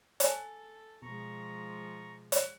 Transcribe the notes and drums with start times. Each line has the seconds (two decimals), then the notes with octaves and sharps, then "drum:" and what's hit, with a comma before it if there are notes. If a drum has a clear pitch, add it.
0.20 A4 G#5 A5, drum: hi-hat
1.02 B2 F3 G#3 A#5 C#6
2.32 drum: hi-hat